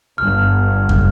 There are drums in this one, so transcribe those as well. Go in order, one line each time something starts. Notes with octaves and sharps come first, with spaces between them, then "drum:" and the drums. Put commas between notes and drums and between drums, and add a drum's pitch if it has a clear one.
G1 G2 F6
drum: kick